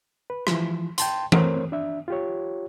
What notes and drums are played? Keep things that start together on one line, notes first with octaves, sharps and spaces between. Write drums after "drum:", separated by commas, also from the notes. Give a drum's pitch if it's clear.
B4
E3 F3, drum: rim click
G5 A5 C6, drum: hi-hat
E3 A3 C4 A#4 C5 C#5, drum: tom E3
D4 E5
F4 G4 C#5